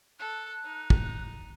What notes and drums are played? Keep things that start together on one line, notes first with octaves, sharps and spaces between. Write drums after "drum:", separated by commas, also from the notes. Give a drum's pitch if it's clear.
A4 F#6
D#4
drum: kick